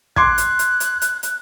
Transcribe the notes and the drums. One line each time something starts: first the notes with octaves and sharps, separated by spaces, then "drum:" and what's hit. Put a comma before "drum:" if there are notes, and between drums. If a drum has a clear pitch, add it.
C6 D6 F#6 G#6, drum: kick
drum: hi-hat
drum: hi-hat
drum: hi-hat
drum: hi-hat
drum: hi-hat